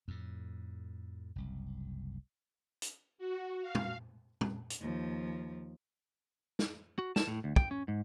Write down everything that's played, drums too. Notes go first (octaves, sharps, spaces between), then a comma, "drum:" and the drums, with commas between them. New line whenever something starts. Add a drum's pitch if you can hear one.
F2 A2
F#1 C2
drum: hi-hat
F#4
F5
drum: tom
drum: tom
drum: hi-hat
D#2 F3
drum: snare
F#4
A5, drum: snare
A2
D2
G5, drum: kick
C#4
G#2